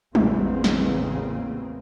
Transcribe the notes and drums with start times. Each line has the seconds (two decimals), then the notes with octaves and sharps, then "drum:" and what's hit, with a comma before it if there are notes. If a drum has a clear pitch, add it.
0.15 A1 E2 C#3 G#3 A#3 C4, drum: tom F#3
0.64 drum: snare